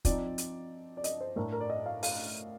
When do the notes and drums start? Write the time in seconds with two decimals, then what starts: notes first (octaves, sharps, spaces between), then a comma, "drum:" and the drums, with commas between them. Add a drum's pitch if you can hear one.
0.05 F3 C4 D#4 D5, drum: kick, hi-hat
0.38 drum: hi-hat
0.97 D5
1.04 D#5, drum: hi-hat
1.21 C5
1.36 A2 A3 D4 A#4
1.52 A#4
1.61 D5
1.70 D#5
1.86 F5
2.03 F5, drum: open hi-hat